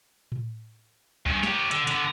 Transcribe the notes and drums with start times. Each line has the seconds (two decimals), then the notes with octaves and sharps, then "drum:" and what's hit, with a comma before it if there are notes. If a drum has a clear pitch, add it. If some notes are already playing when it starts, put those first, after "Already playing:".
0.32 drum: tom A2
1.26 G2 C#4, drum: kick C2
1.43 G4 C#5, drum: snare
1.71 D3, drum: hi-hat
1.87 D3 B3, drum: hi-hat